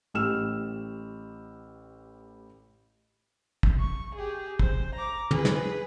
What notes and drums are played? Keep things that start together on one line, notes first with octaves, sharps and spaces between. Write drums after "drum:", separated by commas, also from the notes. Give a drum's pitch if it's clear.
A1 G4 E6 F6 E7
drum: kick
C#6
G4 G#4
C5, drum: kick
A#5 D6
G#4 B4, drum: tom
drum: snare